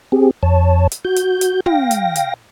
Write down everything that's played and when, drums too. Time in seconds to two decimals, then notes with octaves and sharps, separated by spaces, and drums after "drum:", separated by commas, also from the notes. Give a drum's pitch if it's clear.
0.12 C4 G4 G#4
0.43 F2 C#5 A5
0.92 drum: hi-hat
1.05 F#4 G6
1.16 drum: hi-hat
1.41 drum: hi-hat
1.66 F5 G5 A#6, drum: tom
1.91 drum: hi-hat
2.16 drum: hi-hat